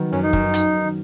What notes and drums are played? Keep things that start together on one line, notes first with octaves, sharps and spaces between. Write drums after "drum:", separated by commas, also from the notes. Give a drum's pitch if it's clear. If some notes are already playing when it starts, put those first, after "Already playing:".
Already playing: D#3 F#3 B3
F#2 C#4
D#4
F#2, drum: kick
drum: hi-hat